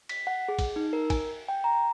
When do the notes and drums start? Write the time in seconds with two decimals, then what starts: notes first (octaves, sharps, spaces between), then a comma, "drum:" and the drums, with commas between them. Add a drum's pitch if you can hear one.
0.09 B6, drum: cymbal
0.27 F#5
0.48 G#4
0.59 drum: kick, cymbal
0.76 D#4
0.93 A#4
1.10 G#5, drum: kick, cymbal
1.48 G5
1.64 A#5